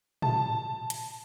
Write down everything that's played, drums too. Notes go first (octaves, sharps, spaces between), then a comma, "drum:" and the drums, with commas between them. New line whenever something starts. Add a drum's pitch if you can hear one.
A5, drum: tom
drum: hi-hat